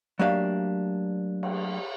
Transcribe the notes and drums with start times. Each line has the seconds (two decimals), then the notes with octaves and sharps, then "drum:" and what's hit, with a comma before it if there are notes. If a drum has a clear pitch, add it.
0.19 F#3 A3 A#3 D4 G4 F5
1.43 drum: cymbal